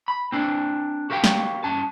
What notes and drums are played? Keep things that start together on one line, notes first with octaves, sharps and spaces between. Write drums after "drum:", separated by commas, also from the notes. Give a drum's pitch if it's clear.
B5
C4 D4 A#4
F#4 G4 A#4 F5 G5
drum: snare
G2 C#4 A5